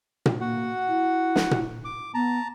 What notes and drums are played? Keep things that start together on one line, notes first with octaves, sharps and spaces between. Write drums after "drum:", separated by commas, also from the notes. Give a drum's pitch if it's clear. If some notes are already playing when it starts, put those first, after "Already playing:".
drum: tom A#2
A#3 F#4 F#5
E4
drum: snare
drum: tom A#2
D6
B3 A5 A#5